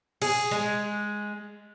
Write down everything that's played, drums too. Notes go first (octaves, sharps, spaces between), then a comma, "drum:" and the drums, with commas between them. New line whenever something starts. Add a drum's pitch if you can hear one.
G#4, drum: cymbal
G#3